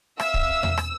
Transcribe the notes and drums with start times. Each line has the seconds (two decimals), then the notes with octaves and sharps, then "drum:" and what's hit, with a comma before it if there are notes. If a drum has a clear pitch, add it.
0.20 E5 F5 E6, drum: rim click
0.34 drum: kick
0.63 drum: tom E2
0.78 drum: rim click